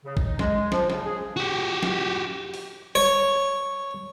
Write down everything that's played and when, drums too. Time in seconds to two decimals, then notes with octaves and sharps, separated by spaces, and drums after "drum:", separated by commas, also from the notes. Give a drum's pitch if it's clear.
0.05 C#3
0.17 D#4, drum: kick A1
0.39 G#3, drum: snare
0.72 F3, drum: snare
0.90 C#3, drum: snare
1.04 G#4
1.36 F#4 G4
1.83 drum: snare
2.54 drum: open hi-hat
2.95 C#5